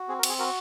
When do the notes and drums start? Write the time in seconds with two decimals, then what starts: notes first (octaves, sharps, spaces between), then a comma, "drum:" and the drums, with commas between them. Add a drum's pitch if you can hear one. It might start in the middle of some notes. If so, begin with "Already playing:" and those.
Already playing: F#4
0.08 C4 G#4
0.19 A#4
0.23 C4, drum: cymbal
0.29 G#4
0.39 F#4 A#4